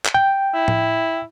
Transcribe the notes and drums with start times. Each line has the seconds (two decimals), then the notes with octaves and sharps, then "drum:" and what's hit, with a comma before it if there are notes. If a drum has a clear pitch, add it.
0.05 drum: clap
0.14 G5
0.54 E4
0.68 drum: tom A2